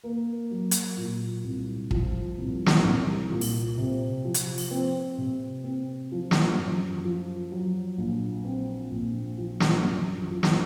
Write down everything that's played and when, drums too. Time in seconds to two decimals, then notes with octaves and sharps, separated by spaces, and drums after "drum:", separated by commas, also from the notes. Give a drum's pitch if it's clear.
0.04 A#3
0.51 F#3
0.71 drum: hi-hat
0.97 A#2
1.44 C2
1.91 F3, drum: kick
2.38 C2
2.66 drum: snare
2.85 C2
3.31 A#2
3.41 drum: open hi-hat
3.78 C3
4.24 F3
4.34 drum: hi-hat
4.58 drum: open hi-hat
4.71 C4
5.18 C3
5.64 C4
6.12 F3
6.31 drum: snare
6.58 F#2
7.05 F3
7.52 F#3
7.98 A#1
8.45 C4
8.91 A#1
9.38 F3
9.60 drum: snare
9.85 F#2
10.31 F3
10.43 drum: snare